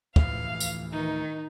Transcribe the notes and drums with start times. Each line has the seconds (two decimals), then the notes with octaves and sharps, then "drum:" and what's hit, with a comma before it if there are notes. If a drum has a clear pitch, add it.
0.16 D2 A2 E3 F3 F5, drum: kick
0.60 drum: tambourine
0.92 D#3 D#4